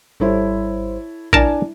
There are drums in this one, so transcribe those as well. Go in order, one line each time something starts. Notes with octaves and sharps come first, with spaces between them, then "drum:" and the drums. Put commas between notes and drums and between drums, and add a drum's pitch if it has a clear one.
G#1 G3 E4 A4 C5 C#5
D4 E4 A#4 D5 G#5 A5, drum: kick